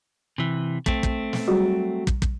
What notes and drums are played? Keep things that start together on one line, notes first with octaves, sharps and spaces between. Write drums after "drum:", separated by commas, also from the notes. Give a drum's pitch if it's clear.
C3 E3
A3 C4, drum: kick
drum: kick
drum: snare
F#3 G3 F#4 G#4
drum: kick
drum: kick